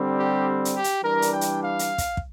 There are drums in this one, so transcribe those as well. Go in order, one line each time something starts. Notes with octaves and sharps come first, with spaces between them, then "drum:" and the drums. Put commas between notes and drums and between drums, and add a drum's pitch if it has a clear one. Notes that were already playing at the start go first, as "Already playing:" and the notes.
Already playing: D3 G3 C4
G4
drum: hi-hat
G4
drum: hi-hat
E3 G3 D4 A#4
drum: hi-hat
G5
drum: hi-hat
F5
drum: hi-hat
drum: kick, hi-hat
drum: kick